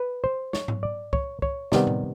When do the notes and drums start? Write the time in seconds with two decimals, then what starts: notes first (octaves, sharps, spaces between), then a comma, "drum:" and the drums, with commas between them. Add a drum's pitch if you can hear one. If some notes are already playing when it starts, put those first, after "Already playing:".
Already playing: B4
0.24 C5
0.53 C#5, drum: snare
0.68 drum: tom G#2
0.83 D5
1.13 C#5, drum: kick
1.42 C#5, drum: kick
1.72 C3 D#3 G3 B3 D5, drum: snare
1.87 drum: tom A2